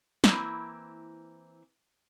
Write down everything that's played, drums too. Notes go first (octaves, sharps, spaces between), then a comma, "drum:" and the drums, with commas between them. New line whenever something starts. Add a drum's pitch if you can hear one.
E3 A#3 C4 E4, drum: snare